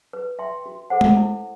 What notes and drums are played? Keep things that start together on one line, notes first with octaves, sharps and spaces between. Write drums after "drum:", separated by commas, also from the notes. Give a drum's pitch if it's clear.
B4
E5 G5 C6
F#4
A4 C5 F#5
drum: tom G#3
E4